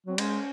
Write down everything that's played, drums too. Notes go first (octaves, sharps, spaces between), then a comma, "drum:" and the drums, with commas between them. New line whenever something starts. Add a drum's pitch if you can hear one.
F#3 C4
G#3 C#4, drum: cymbal